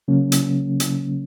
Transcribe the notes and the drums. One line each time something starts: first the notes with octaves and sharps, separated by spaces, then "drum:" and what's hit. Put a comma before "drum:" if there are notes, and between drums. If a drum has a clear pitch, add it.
C#3 F#3 A#3 C#4
drum: hi-hat
drum: hi-hat